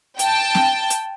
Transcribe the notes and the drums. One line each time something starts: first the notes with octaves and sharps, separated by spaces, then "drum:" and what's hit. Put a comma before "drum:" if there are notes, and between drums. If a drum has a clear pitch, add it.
G5 A5, drum: hi-hat
drum: snare C4
drum: hi-hat